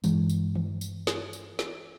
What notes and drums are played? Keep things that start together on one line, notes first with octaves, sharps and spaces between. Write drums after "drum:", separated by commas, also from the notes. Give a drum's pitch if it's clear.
G2 E3 G#3, drum: tambourine
drum: tambourine
drum: tom D#3
drum: tambourine
drum: snare
drum: tambourine
drum: snare